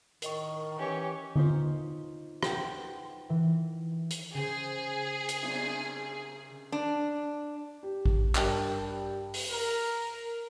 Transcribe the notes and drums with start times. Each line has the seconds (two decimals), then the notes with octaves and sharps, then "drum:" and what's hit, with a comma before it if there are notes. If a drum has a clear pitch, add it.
0.22 A2 D#3 A#4 D#5 C#6, drum: hi-hat
0.79 E3 C#4 G4 C#5
1.36 D#4 F4 C5, drum: tom D3
2.43 B4 C5 F#5 G5, drum: rim click
3.30 E3
4.11 drum: hi-hat
4.34 C#3 G#4 C5
5.29 drum: hi-hat
5.42 drum: cymbal
6.72 D4
7.83 G4
8.05 drum: kick A1
8.35 G2 A#4 G5 A5, drum: clap
9.34 drum: open hi-hat
9.50 A#4